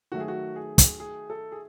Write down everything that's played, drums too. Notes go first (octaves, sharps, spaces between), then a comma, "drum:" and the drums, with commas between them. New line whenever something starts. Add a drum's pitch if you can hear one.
D#3 F#3 A3 F#4
G#4
F#4
G#4
drum: kick, hi-hat
G#4
A4
G#4